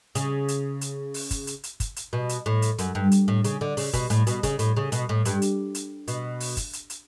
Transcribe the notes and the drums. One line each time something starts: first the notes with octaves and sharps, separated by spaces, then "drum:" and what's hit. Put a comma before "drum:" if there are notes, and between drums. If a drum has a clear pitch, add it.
C#3, drum: hi-hat
drum: hi-hat
drum: hi-hat
drum: open hi-hat
drum: kick, hi-hat
drum: hi-hat
drum: hi-hat
drum: kick, hi-hat
drum: hi-hat
B2
drum: hi-hat
A2
drum: hi-hat
F#2, drum: hi-hat
G2
drum: hi-hat
A2
C#3, drum: hi-hat
D3
C#3, drum: open hi-hat
B2, drum: kick, hi-hat
A2, drum: hi-hat
B2, drum: hi-hat
C#3, drum: kick, hi-hat
A2, drum: hi-hat
C#3
B2, drum: hi-hat
A2
G2, drum: hi-hat
drum: hi-hat
drum: hi-hat
B2, drum: hi-hat
drum: open hi-hat
drum: kick, hi-hat
drum: hi-hat
drum: hi-hat